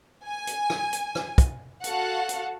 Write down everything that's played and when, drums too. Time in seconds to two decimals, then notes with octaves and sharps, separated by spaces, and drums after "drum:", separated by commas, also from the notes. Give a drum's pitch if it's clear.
0.24 G#5
0.47 drum: hi-hat
0.70 drum: rim click
0.93 drum: hi-hat
1.15 drum: rim click
1.38 drum: kick, hi-hat
1.84 F#4 A4 F5 F#5, drum: hi-hat
2.29 drum: hi-hat